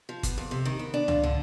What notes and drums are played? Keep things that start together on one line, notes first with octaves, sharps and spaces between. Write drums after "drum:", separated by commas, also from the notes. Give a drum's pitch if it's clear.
F3
B3, drum: kick G1, hi-hat
F2
C3
D#3
B3
D4
F4, drum: tom C#2
D3